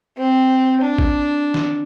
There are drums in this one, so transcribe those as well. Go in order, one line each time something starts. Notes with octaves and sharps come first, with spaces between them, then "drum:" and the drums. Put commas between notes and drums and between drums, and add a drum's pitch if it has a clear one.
C4
D4
drum: kick
drum: snare